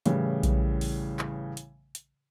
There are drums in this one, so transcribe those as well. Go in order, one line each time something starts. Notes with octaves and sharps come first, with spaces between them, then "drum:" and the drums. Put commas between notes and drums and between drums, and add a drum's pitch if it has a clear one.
A2 C#3 E3 G3, drum: hi-hat
drum: kick A#1, hi-hat
drum: open hi-hat
drum: clap
drum: hi-hat
drum: hi-hat